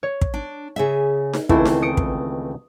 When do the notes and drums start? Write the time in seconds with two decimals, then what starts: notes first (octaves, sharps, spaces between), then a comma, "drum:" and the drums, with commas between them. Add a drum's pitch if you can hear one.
0.03 C#5
0.21 drum: kick
0.34 D4
0.76 C#3 G#4 E5
1.33 drum: snare D#4
1.49 C#2 D#3 E3 A3 C4 E4, drum: kick
1.65 drum: snare D#4
1.82 D#6 C#7 D7
1.97 drum: kick